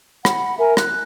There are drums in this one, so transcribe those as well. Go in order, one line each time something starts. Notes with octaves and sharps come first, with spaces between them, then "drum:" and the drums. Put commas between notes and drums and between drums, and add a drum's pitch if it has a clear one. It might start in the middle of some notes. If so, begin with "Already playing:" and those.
F#5 B5, drum: rim click
A#4 E5 G#5
F#6, drum: rim click